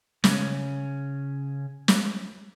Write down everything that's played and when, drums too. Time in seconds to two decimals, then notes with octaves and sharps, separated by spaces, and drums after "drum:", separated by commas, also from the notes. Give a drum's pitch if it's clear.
0.24 C#3 C#4, drum: snare
1.88 drum: snare